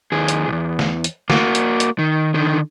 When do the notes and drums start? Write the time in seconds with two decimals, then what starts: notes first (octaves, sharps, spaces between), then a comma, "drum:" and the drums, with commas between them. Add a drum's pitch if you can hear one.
0.12 D#2 G#4
0.28 drum: hi-hat
0.48 B1 E2
0.79 drum: snare
1.04 drum: hi-hat
1.30 A#3 F#4, drum: snare
1.55 drum: hi-hat
1.80 drum: hi-hat
1.99 D#3
2.34 D3 D#3